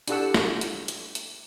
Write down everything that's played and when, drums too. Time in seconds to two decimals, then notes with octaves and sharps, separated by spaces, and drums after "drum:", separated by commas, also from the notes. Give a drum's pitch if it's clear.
0.08 D4 E4 G4 A4 F#5 E6, drum: hi-hat
0.34 drum: snare
0.61 drum: hi-hat
0.88 drum: hi-hat
1.15 drum: hi-hat